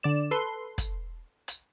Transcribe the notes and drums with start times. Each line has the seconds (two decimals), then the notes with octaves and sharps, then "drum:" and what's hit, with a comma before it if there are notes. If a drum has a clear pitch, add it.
0.03 D3 D5 E7
0.31 A4 B4 C6
0.78 drum: kick, hi-hat
1.48 drum: hi-hat